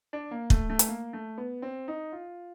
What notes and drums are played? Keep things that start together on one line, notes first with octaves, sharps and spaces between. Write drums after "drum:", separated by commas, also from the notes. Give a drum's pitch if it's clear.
D4
A#3
A3, drum: kick
A3
drum: hi-hat
A#3
A3
B3
C4
D#4
F4